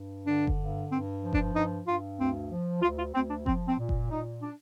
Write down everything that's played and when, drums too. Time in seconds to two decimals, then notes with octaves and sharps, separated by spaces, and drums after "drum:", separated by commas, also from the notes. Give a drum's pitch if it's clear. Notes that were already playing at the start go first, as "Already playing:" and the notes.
Already playing: G2
0.26 D3 D4
0.47 drum: kick F#1
0.58 G2
0.90 G2 C4
1.23 F3
1.33 D4, drum: kick F#1
1.54 G2 D#4
1.86 G2 F4
2.18 D2 C4
2.50 F3
2.82 D2 F4
2.99 F4
3.14 D2 C4
3.30 D4
3.46 F3 C4, drum: kick F#1
3.68 C4
3.79 A#2
3.89 drum: kick F#1
4.10 A#2 D#4
4.42 D4